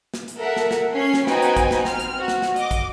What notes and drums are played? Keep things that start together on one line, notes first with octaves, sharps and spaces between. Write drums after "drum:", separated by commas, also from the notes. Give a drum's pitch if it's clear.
drum: snare
drum: hi-hat
A4 A#4 E5 F#5
drum: snare
drum: snare
C#4 C#5 C7
drum: snare
B3 D#4 F#4 C5 G5 G#5, drum: snare
drum: hi-hat
drum: kick, hi-hat
drum: snare
C4 F6, drum: snare
drum: hi-hat
F#4
drum: snare
drum: snare
D#5 D6, drum: hi-hat
drum: kick, hi-hat